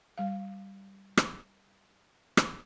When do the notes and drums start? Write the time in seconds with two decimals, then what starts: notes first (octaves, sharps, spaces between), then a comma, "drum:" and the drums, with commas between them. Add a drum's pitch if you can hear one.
0.18 G3 F5
1.17 drum: rim click
2.37 drum: rim click